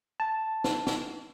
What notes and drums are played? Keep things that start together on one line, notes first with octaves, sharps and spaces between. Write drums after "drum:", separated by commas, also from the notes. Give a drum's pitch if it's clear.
A5
drum: snare
drum: snare